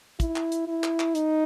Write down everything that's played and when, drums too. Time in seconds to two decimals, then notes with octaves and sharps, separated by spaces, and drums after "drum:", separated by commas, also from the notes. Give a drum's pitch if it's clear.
0.20 E4, drum: kick, hi-hat
0.36 drum: clap
0.52 drum: hi-hat
0.68 E4
0.84 drum: clap
1.00 drum: clap
1.15 D#4, drum: hi-hat